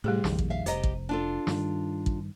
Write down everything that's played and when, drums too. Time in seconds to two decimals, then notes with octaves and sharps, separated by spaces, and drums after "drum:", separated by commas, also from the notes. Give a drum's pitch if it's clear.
0.04 A2 C3 G3 G4 G#4
0.24 A#1 F2 D#3, drum: snare
0.39 drum: kick
0.50 E5 F5
0.66 F1 G4 C5 D#5 A#5, drum: hi-hat
0.84 drum: kick
1.09 D4 F4 A4
1.47 G2 D#3, drum: snare
2.06 drum: kick